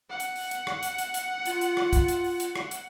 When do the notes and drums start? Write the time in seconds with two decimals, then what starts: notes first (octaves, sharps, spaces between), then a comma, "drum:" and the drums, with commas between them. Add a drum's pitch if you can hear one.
0.10 F#5
0.20 drum: hi-hat
0.36 drum: open hi-hat
0.51 drum: hi-hat
0.67 drum: rim click
0.83 drum: hi-hat
0.98 drum: hi-hat
1.14 drum: hi-hat
1.46 F4, drum: hi-hat
1.61 drum: hi-hat
1.77 drum: rim click
1.93 drum: kick, hi-hat
2.08 drum: hi-hat
2.24 drum: open hi-hat
2.40 drum: hi-hat
2.56 drum: rim click
2.71 drum: hi-hat